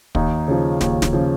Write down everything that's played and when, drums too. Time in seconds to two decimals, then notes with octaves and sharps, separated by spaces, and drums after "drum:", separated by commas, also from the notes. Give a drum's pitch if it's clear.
0.15 D#2 D#4, drum: kick
0.48 C#3 F3
0.81 D#2, drum: snare
1.02 drum: snare
1.13 C#3 F3